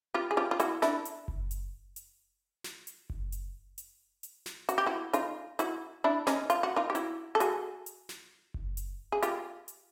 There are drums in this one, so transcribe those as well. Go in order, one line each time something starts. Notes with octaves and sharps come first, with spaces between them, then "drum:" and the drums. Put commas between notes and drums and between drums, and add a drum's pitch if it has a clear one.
F4 G4
G#4
F4 G4
F4
E4 F#4, drum: hi-hat
D4 E4, drum: snare
drum: hi-hat
drum: kick F#1
drum: hi-hat
drum: hi-hat
drum: snare
drum: hi-hat
drum: kick F#1
drum: hi-hat
drum: hi-hat
drum: hi-hat
drum: snare
F#4, drum: hi-hat
G4
E4 F#4
D#4 F4, drum: hi-hat
E4 F#4, drum: hi-hat
D4 E4
C#4 D#4, drum: snare
F4, drum: hi-hat
F#4
D#4 F4
G4
E4 F#4, drum: hi-hat
A4
F#4 G#4, drum: hi-hat
drum: hi-hat
drum: snare
drum: kick F#1
drum: hi-hat
G#4
F4 G4, drum: hi-hat
drum: hi-hat